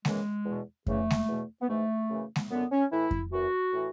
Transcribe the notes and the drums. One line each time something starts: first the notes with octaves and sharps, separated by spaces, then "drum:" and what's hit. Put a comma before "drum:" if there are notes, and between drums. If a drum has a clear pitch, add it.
F#2 C#3 E3 G#3, drum: snare G#3
E2 B2
E2 C#3 E3 A3, drum: kick F2
drum: snare G#3
E2 B2
B3
G#2 E3 A3
F#2 C#3 E3
drum: snare G#3
F#2 D3 B3
C#4
A2 E3 E4
drum: kick F2
F#2 E3 F#4
A2 E3